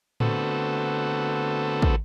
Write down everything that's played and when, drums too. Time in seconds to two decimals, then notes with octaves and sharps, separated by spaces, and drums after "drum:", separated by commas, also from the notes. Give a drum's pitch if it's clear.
0.20 D3 A3 B3 C4 F#4 A4, drum: tom A2
1.82 drum: kick